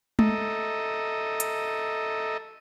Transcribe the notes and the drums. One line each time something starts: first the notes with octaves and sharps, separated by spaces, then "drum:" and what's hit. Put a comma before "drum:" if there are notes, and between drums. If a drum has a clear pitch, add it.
A4 D#5 E5 A#5, drum: tom G#3
drum: hi-hat